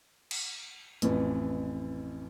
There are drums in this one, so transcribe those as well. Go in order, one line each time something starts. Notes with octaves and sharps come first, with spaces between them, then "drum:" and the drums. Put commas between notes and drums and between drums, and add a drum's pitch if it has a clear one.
drum: cymbal
A1 F2 E3, drum: hi-hat